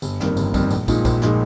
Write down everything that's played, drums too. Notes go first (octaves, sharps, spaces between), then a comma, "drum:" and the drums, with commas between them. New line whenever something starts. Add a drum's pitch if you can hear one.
G1, drum: tambourine
F2 D#3 G3 A#3, drum: snare
G1, drum: tambourine
F2 D#3 G3 A#3, drum: kick, tambourine
A#1, drum: tambourine
A#2 F3 G#3 D#4, drum: kick, tambourine
A#1, drum: kick, tambourine
A#2 F3 G#3 D#4, drum: snare